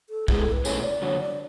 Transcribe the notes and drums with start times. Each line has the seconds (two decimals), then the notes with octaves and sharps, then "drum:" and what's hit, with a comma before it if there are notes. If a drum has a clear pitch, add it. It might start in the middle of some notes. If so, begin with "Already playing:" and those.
0.10 A4
0.28 G#2 G#3 B3 E4 G#4, drum: kick
0.41 A4
0.52 B4
0.65 B2 A3 C#4 E4 G#4 C#5, drum: tambourine
0.83 D5
1.02 F#2 D3 F#3 C#5
1.20 D5